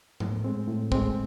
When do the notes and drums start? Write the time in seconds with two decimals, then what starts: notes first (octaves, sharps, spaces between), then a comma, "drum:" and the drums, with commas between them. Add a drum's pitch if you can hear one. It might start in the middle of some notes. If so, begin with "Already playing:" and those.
0.20 A2, drum: tom G#2
0.44 G#3 C4
0.68 A2
0.92 G#3 C4, drum: kick